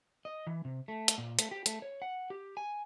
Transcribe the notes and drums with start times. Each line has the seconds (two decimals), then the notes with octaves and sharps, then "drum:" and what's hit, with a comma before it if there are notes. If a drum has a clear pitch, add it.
0.25 D#5
0.47 E3
0.65 C3
0.88 A3
1.08 drum: hi-hat
1.18 A#2
1.39 A3, drum: hi-hat
1.51 G4
1.66 A3, drum: hi-hat
1.82 C#5
2.02 F#5
2.30 G4
2.57 G#5